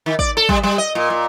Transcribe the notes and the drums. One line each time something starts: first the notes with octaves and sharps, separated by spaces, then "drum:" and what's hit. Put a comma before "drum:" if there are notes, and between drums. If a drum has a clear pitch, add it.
D#3
D5, drum: kick
A4
G3, drum: kick
G3
D#5
A#2
A#2